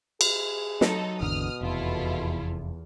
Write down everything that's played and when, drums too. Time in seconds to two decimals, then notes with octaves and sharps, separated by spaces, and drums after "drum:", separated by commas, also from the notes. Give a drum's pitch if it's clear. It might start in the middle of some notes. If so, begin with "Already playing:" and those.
0.21 G#4, drum: cymbal
0.81 F#3 D#4 A4, drum: snare
1.21 G#1 E2 B2 D3 D#6 F6
1.61 F1 E2 E4 F4 A4